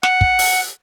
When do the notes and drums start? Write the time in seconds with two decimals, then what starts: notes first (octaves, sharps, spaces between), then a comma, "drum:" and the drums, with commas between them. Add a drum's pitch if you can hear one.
0.03 F#5, drum: snare
0.21 drum: kick
0.39 drum: open hi-hat